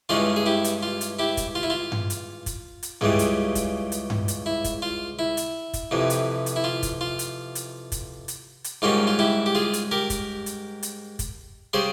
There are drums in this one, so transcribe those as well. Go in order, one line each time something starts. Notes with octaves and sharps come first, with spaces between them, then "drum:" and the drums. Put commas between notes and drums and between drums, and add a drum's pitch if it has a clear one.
G2 E3 G#3 C#4 F4 G#4
G#4
E4 G4
drum: hi-hat
F4
drum: hi-hat
E4 G4
drum: kick, hi-hat
F4
E4
F4
drum: tom G2
drum: hi-hat
drum: kick, hi-hat
drum: hi-hat
C#2 C#3 E3 G3, drum: tom G2
drum: hi-hat
drum: kick, hi-hat
drum: hi-hat
drum: tom G2
drum: hi-hat
E4
drum: kick, hi-hat
F4
E4
drum: hi-hat
drum: kick, hi-hat
F2 C3 E3
drum: hi-hat
drum: hi-hat
E4
F4
drum: kick, hi-hat
F4
drum: hi-hat
drum: hi-hat
drum: kick, hi-hat
drum: hi-hat
drum: hi-hat
G#2 G3 A#3 C#4 F4
F4
E4 G4
G4
F4 G#4
drum: hi-hat
G4 A#4
drum: kick, hi-hat
drum: hi-hat
drum: hi-hat
drum: kick, hi-hat
C#3 G3 G#4 C5